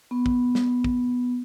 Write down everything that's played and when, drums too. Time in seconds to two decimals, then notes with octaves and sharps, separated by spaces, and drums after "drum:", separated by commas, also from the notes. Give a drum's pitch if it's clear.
0.11 B3
0.26 drum: kick
0.55 drum: snare
0.84 drum: kick